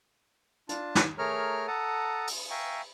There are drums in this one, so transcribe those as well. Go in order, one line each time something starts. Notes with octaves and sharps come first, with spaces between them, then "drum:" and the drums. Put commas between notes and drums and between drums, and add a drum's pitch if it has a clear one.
D4 F4 A5, drum: hi-hat
drum: snare
A3 G#4 A#4 C#5 A#5 F6
A4 F#5 A5 A#5 D#6
drum: open hi-hat
E5 F5 G5 G#5 A#5 C#6